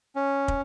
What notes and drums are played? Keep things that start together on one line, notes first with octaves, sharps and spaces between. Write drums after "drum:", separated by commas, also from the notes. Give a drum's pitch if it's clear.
C#4
drum: kick